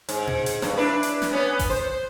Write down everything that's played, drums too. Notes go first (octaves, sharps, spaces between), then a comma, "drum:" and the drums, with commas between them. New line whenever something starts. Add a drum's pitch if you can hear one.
G#2, drum: hi-hat
drum: tom A#2
drum: hi-hat
G2, drum: snare
D4 E4 B4
drum: hi-hat
drum: snare
B3 C#4
drum: kick G#1, open hi-hat
C5